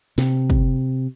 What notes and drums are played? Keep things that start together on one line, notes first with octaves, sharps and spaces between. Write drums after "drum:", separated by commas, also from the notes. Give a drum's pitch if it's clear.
C3, drum: snare
drum: kick